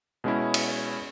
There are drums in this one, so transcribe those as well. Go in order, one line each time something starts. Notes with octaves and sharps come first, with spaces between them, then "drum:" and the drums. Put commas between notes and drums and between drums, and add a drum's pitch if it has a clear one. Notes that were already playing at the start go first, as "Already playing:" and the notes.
B2 G#3 C#4 E4
drum: cymbal